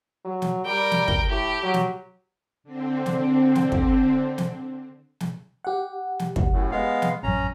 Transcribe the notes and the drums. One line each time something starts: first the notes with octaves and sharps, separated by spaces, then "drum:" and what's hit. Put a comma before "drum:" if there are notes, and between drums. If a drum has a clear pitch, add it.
F#3
drum: snare
G3 A#4 G5
drum: snare
drum: kick
A2 G4
F#3
drum: snare
D3 C4
drum: snare
drum: snare
drum: kick
drum: snare
drum: snare
G4 F#5
drum: snare
drum: kick
F#2 A2
G#3 B3 F5
drum: snare
A1 F#2 C#4 A#5